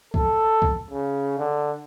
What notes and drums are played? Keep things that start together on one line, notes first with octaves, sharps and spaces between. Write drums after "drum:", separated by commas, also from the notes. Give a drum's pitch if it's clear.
A4, drum: kick B1
drum: kick B1
C#3
D3